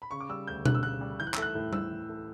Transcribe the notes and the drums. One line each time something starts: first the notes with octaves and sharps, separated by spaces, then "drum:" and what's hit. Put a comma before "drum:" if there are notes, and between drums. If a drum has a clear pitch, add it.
B5
C#3 C#6
D6
G3 E6
D2 G6
D2 F#6, drum: tom B2
E6
C#3 F#6
G3
E3 G6
F#6
E6, drum: clap
A3 F#6
A2
A2 E6, drum: tom G3
E3
A3